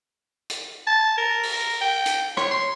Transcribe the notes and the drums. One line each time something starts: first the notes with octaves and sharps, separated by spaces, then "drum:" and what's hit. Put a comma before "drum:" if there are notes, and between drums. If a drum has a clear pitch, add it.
drum: hi-hat
A5
A#4
drum: open hi-hat
A#4
G5
drum: hi-hat
C#5, drum: rim click
C6